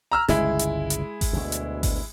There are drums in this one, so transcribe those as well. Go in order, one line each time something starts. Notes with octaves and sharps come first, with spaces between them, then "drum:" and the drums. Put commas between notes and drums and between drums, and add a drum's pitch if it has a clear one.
A#5 E6 F6
G1 C#2 G#3 E4, drum: snare
drum: hi-hat
drum: hi-hat
drum: kick G#1, open hi-hat
D2 B2
drum: hi-hat
drum: kick G#1, open hi-hat